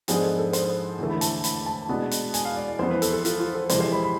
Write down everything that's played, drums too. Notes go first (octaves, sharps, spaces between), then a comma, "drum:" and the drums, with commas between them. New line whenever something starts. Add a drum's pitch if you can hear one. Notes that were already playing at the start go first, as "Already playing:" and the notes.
G#2 F3 G#3 B3 D4 G#4, drum: hi-hat
A4
A4
C5, drum: hi-hat
E2 D3 A3
B5
A5, drum: hi-hat
B5, drum: hi-hat
A5
B2 G#3 B3 D4
drum: hi-hat
G#5, drum: hi-hat
F5
D5
D5
F2 E3 B3 C5
B4
A4, drum: hi-hat
A4
F4, drum: hi-hat
F4
A4
F2 C3 E3 G#3 C5, drum: hi-hat
C5
B5
B5